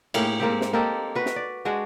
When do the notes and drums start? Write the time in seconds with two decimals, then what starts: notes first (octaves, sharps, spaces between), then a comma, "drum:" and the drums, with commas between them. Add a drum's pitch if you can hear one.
0.14 A2 A#3 G4 G#4, drum: cymbal
0.40 G#2 A#3 C4 G4
0.61 drum: snare
0.73 A#3 D#4 G4 A4
1.15 F#4 B4
1.26 drum: snare
1.36 D5
1.65 G#3 D4 F#4 G#4